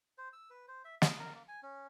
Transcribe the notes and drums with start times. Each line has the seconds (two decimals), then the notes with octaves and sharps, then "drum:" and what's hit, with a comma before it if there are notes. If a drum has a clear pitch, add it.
0.18 C5
0.33 E6
0.50 B4
0.68 C5
0.85 E5
1.02 D#6, drum: snare
1.19 A#4
1.34 A#3
1.48 G#5
1.63 C#4